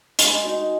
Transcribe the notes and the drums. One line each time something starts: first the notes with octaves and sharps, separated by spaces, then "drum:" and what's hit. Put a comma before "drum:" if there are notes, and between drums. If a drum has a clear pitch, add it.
G#3, drum: hi-hat
D#4 F#4